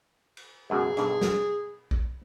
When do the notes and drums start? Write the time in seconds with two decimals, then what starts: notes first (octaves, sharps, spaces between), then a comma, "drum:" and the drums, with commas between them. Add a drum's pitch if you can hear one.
0.37 drum: cymbal
0.70 C#2 F#2 B2 G#4
0.97 B1 G2 D3, drum: rim click
1.21 drum: snare
1.91 drum: kick